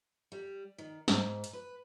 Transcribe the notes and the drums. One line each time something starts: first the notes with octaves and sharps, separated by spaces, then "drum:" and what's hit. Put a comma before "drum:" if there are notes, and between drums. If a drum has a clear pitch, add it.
G3
D#3
G#2, drum: snare
drum: hi-hat
B4